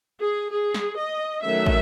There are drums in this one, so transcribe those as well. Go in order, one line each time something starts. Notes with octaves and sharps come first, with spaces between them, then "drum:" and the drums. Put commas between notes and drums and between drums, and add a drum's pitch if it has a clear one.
G#4
G#4
drum: snare
D#5
D#3 F#3 A3 C#4 E5
drum: kick